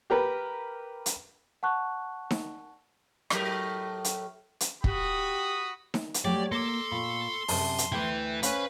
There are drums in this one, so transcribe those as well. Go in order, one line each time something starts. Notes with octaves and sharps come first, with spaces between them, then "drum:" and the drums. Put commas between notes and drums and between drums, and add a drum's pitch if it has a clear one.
G4 A#4 B4
drum: hi-hat
F#5 A5 C#6 F#6
drum: snare D#4
A2 F#3 A#4, drum: rim click
drum: hi-hat
drum: hi-hat
F#4 G4 B5 D#6, drum: kick
drum: snare D#4
drum: hi-hat
F#3 G3 A3 G4 C#5 D5
A#3 A4 C6 D6 A#6
A#2 B5 C#6
F#2 C3 A5, drum: open hi-hat
drum: hi-hat
D2 A3 E4 B4 G5 G6
C#4 B4 C5 F5 B5, drum: hi-hat